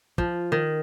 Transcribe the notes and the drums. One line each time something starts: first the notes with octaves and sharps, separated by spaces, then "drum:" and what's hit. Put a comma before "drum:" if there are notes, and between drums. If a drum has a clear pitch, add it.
F3, drum: kick
D#3